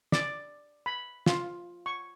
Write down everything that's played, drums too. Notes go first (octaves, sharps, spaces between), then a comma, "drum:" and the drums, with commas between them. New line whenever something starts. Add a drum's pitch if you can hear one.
D5, drum: snare
B5
F4, drum: snare
C#6